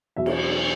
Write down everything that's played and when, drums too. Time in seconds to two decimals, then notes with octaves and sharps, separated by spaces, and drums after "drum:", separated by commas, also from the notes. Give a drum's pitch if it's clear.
0.16 E2 B2 F#3 E5
0.26 drum: cymbal